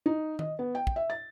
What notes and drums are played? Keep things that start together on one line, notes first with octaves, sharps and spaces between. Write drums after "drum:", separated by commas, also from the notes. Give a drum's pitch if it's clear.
D#4
D#5, drum: tom D#3
B3
G5
drum: kick
E5
A6